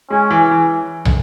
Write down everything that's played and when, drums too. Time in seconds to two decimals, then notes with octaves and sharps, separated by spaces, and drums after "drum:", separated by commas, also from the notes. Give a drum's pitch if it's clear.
0.10 G#3 C#4
0.30 E3
0.51 E3
1.05 drum: tom